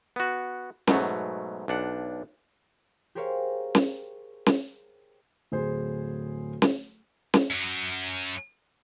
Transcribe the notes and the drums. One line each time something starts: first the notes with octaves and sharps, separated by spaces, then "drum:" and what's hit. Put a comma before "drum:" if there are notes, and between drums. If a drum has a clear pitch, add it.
B3 F#4
G#2 B2 F#3 A3, drum: snare
B1 D4 F#5
G4 G#4 A#4 C5 C#5 F5
drum: snare
drum: snare
D1 G#4 C5
drum: snare
drum: snare
F#2 F#3